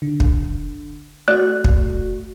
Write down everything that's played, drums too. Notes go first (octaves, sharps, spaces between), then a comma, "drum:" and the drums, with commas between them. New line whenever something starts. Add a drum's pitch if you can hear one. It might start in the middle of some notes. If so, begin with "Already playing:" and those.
D3
drum: kick
A3 F#4 D5 F#6
drum: kick